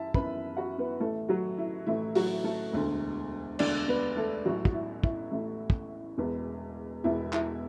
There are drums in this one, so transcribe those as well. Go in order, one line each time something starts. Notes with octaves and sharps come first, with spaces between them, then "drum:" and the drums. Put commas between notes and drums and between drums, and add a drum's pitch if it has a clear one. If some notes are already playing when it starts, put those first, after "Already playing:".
Already playing: F#2 E4 E5 A5
F#2 E3 B3 B4 B5, drum: kick
F#4 F#5
B3 B4
A1 A2 E3 A3 A4
F#3 F#4
E4
A1 A2 E3 A3 E4
F#3 F#4, drum: open hi-hat
A3 A4
E1 D2 D3
E1 D2 D3 D4 D5, drum: cymbal
B3 B4
A3 A4
A1 A2 F#3 A3 F#4
F#4, drum: kick
E4
E4, drum: kick
A1 A2 A3
drum: kick
E1 E2 B2 B3
E1 E2 B2 B3 E4
E4, drum: clap